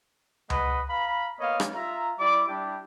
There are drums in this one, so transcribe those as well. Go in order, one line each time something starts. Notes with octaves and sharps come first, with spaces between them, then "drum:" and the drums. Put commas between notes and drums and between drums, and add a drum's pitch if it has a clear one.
G#3 B4 D#5 F#5 B5, drum: tom C#2
F5 A#5 B5
A#3 B3 C#5 D#5 F5
drum: rim click
F4 E5 A#5
G3 E4 D5 D6
G3 D4 E4 G4